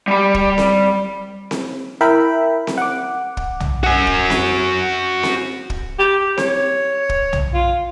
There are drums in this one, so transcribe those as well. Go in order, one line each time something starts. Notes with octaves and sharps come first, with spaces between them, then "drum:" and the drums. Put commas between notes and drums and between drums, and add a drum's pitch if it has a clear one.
G3 B5
drum: kick
drum: snare C4
drum: snare C4
E4 A#4 E5 G5 B5
drum: snare C4
F#5 D6
drum: kick
drum: tom
F#4 G#5
drum: kick
drum: snare C4
drum: snare C4
drum: kick
G4
C#5, drum: snare C4
drum: kick
drum: tom
F4